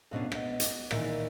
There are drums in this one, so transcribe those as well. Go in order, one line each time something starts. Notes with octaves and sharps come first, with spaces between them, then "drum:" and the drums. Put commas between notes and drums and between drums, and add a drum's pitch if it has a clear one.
F2 B2 C#4 D4
B3 D#5, drum: rim click
drum: hi-hat
A#2 D#3 E3, drum: rim click